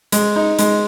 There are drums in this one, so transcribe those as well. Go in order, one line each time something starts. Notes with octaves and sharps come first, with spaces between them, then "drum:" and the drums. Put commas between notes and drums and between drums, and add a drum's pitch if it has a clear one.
G#3, drum: hi-hat
D#4
G#3, drum: hi-hat